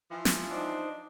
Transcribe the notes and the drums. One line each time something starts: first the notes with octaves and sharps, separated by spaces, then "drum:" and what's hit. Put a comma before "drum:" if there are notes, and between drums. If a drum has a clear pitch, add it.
E3 F3
drum: snare
D4 D#4 C5 D#5